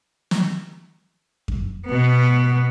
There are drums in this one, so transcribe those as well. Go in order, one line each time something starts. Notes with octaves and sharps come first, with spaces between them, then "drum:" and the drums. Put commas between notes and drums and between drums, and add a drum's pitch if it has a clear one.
drum: snare
drum: kick F2
B2 B3